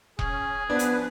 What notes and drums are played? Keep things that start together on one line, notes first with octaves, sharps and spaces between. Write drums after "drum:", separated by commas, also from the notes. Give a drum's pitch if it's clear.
C#4 G#4, drum: kick E1
F3 B3 D4 B4
drum: hi-hat